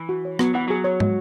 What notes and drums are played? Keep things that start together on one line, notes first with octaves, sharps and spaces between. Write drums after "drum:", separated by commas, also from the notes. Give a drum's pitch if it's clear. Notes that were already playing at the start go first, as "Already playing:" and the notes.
Already playing: E3
F#4
C#5
F#3 B3, drum: rim click
E3 F#5
F#3 G#4
C#5
G#3, drum: tom